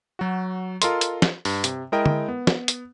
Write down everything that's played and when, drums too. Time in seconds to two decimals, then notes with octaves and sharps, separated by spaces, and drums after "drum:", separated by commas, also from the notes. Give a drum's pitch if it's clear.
0.19 F#3 F#4
0.82 F4 A4 A#4 D#5 C6, drum: hi-hat
1.01 drum: hi-hat
1.22 drum: snare
1.45 G2, drum: open hi-hat
1.64 C3, drum: hi-hat
1.92 G#3 E4 A#4 D#5 G5
2.06 drum: tom D3
2.28 B3
2.47 drum: snare
2.68 drum: hi-hat